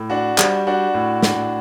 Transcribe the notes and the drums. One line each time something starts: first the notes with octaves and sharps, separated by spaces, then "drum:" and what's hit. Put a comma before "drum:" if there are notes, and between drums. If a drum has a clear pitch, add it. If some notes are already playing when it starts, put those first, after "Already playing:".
Already playing: A2
D4 F#4
G3, drum: clap
D4 F#4
A2
D4, drum: snare